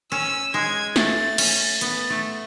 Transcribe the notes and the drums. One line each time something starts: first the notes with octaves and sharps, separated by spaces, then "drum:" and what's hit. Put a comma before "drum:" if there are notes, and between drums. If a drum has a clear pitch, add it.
C#4 E6
G#3 G#6
A3 A6, drum: snare
C#4, drum: cymbal
B3, drum: hi-hat
A3